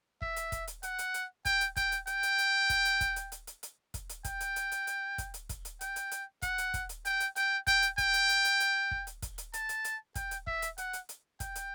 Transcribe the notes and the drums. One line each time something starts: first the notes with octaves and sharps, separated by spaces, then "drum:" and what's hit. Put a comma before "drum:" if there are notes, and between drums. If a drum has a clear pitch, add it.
E5, drum: kick
drum: hi-hat
drum: kick, hi-hat
drum: hi-hat
F#5, drum: hi-hat
drum: hi-hat
drum: hi-hat
G5, drum: kick, hi-hat
drum: hi-hat
G5, drum: kick, hi-hat
drum: hi-hat
G5, drum: hi-hat
drum: hi-hat
drum: hi-hat
drum: kick, hi-hat
drum: hi-hat
drum: kick, hi-hat
drum: hi-hat
drum: hi-hat
drum: hi-hat
drum: hi-hat
drum: kick, hi-hat
drum: hi-hat
G5, drum: kick, hi-hat
drum: hi-hat
drum: hi-hat
drum: hi-hat
drum: hi-hat
drum: kick, hi-hat
drum: hi-hat
drum: kick, hi-hat
drum: hi-hat
G5, drum: hi-hat
drum: hi-hat
drum: hi-hat
F#5, drum: kick, hi-hat
drum: hi-hat
drum: kick, hi-hat
drum: hi-hat
G5, drum: hi-hat
drum: hi-hat
G5, drum: hi-hat
G5, drum: kick, hi-hat
drum: hi-hat
G5, drum: kick, hi-hat
drum: hi-hat
drum: hi-hat
drum: hi-hat
drum: hi-hat
drum: kick
drum: hi-hat
drum: kick, hi-hat
drum: hi-hat
A5, drum: hi-hat
drum: hi-hat
drum: hi-hat
G5, drum: kick, hi-hat
drum: hi-hat
E5, drum: kick
drum: hi-hat
F#5, drum: hi-hat
drum: hi-hat
drum: hi-hat
G5, drum: kick, hi-hat
drum: hi-hat